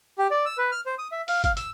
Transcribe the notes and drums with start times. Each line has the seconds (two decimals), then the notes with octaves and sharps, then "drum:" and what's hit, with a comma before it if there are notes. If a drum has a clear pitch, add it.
0.18 G4
0.31 D5
0.45 E6
0.58 B4
0.72 F6
0.86 C5
0.98 D#6
1.12 E5
1.28 F5, drum: open hi-hat
1.44 F5, drum: kick, hi-hat
1.57 E6, drum: hi-hat